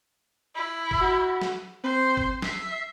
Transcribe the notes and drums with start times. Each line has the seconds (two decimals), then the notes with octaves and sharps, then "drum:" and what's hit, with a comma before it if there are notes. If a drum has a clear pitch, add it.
0.55 E4
0.91 drum: kick
1.01 F#4
1.42 drum: snare
1.84 C4 C5
2.17 drum: kick
2.42 E5 C7, drum: snare